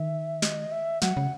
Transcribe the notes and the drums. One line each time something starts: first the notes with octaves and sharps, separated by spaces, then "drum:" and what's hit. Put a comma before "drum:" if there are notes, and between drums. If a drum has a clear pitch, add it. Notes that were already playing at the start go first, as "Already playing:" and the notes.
Already playing: D#3 E5
D#5, drum: snare
E5
F#3 F#5, drum: snare
C#3